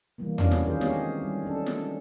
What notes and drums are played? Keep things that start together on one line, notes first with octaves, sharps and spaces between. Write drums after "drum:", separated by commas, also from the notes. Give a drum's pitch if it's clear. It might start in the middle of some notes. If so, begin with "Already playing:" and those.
E3 G3 A#3
C#4 D4 E4 F#4 D5 F5, drum: tom E2
drum: snare
D#3 F4 G#4 A#4 C5
G#3 C4 G4 G#4 C#5 D#5, drum: snare
G3
C#4 D4 A4
drum: snare